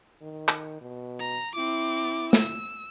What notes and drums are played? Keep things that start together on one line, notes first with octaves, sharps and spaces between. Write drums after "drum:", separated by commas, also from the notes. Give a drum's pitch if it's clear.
D#3
drum: clap
B2
A#5
C4 E4 D6
E6, drum: snare